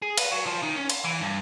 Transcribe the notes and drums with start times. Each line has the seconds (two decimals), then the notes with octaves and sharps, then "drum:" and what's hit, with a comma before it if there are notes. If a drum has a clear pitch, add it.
0.02 G#4
0.18 B4, drum: cymbal
0.31 F#3
0.46 F3
0.63 D#3
0.77 C#4
0.90 C6, drum: cymbal
1.04 E3
1.21 G2